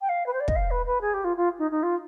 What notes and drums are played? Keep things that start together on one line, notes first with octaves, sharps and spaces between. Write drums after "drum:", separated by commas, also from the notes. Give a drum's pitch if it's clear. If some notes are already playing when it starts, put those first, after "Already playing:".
G5
F5
B4
C5
D5
D#5, drum: kick
F5
B4
B4
G#4
G4
F4
F4
D#4
D#4
F4